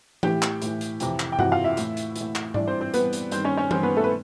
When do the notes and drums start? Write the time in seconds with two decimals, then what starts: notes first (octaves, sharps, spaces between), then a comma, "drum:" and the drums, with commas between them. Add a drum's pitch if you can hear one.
0.23 A2 E3 G4 G5, drum: tom E3
0.42 drum: clap
0.62 A2 E3, drum: hi-hat
0.81 drum: hi-hat
1.00 F2 C3 E3, drum: hi-hat
1.20 drum: clap
1.32 G5
1.39 F2 C3 E3 F#4 F#5, drum: tom G2
1.51 F4 F5
1.64 E4 E5
1.77 A2 E3, drum: hi-hat
1.97 drum: hi-hat
2.16 A2 E3, drum: hi-hat
2.35 drum: clap
2.54 G2 E3 D4 D5, drum: tom G#2
2.68 C4 C5
2.81 C4 C5
2.94 G2 E3 B3 B4, drum: hi-hat
3.13 drum: hi-hat
3.32 G2 D#3 C4 C5, drum: hi-hat
3.45 C#4 C#5
3.57 C#4 C#5
3.71 G2 D#3 C4 C5, drum: tom E3
3.83 B3 B4
3.96 A3 A4
4.04 B4